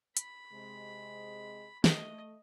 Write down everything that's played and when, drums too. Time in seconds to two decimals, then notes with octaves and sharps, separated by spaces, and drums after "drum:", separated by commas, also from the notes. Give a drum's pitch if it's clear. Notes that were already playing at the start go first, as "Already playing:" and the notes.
0.17 B5, drum: hi-hat
0.53 C3 G#3
1.84 A3 D#5, drum: snare